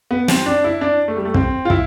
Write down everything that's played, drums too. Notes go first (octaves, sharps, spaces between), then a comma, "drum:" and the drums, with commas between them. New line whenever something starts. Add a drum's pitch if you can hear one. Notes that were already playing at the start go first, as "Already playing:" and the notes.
B3
C4, drum: snare
D4
E4
D4
A3
G3
A3
C4, drum: kick
F4
E4, drum: kick